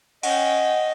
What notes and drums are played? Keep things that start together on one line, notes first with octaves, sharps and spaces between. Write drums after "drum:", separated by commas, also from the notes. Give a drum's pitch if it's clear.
C#4 D#5 F#5 G5, drum: cymbal